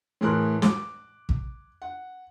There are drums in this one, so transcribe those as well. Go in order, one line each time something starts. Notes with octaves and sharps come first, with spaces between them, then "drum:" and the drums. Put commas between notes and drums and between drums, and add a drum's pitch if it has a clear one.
A2 E3 G#4 A#4 C6 F#6
D6, drum: snare
drum: kick
F#5